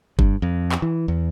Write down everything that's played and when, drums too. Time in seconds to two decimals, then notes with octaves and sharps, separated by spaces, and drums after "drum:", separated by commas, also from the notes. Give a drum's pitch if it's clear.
0.19 G2, drum: kick F#1
0.42 F2
0.72 drum: clap
0.82 E3
1.08 E2